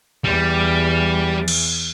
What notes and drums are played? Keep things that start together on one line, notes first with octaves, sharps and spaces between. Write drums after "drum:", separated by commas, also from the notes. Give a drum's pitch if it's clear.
E2 G3
drum: cymbal